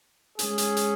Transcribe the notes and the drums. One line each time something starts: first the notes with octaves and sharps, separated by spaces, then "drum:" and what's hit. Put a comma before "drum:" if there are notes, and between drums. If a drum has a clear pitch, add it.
G#3 C#4 G#4, drum: hi-hat
drum: hi-hat
drum: hi-hat